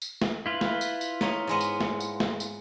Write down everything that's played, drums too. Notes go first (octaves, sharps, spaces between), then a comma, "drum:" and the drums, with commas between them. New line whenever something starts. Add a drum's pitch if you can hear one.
drum: tambourine
drum: snare
E4 F4 B4
drum: snare
drum: tambourine
drum: tambourine
D#4 C#5, drum: snare
G#2 G#3 B3
drum: tambourine
drum: snare
drum: tambourine
drum: snare
drum: tambourine